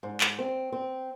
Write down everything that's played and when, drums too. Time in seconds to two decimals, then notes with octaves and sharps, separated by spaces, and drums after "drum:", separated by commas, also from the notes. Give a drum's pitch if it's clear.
0.03 G#2
0.21 drum: clap
0.39 C4
0.72 C4